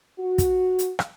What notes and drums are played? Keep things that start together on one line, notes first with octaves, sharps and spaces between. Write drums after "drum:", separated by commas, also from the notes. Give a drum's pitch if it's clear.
F#4
drum: kick, hi-hat
drum: hi-hat
drum: rim click